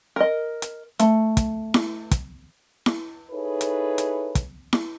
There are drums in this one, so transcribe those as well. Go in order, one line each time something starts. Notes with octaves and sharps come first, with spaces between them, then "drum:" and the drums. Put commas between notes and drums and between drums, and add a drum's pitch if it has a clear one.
A#4 D#5
drum: hi-hat
A3, drum: hi-hat
drum: kick, hi-hat
drum: snare E4
drum: kick, hi-hat
drum: snare E4
D#4 E4 G#4 A4 B4 C#5
drum: hi-hat
drum: hi-hat
drum: kick, hi-hat
drum: snare E4